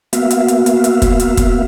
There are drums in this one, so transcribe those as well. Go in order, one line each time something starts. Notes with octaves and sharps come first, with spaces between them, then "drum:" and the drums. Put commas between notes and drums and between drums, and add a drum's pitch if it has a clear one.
A#3 B3 F#4 E5 F5, drum: hi-hat
drum: hi-hat
drum: hi-hat
drum: hi-hat
drum: hi-hat
drum: kick, hi-hat
drum: hi-hat
drum: kick, hi-hat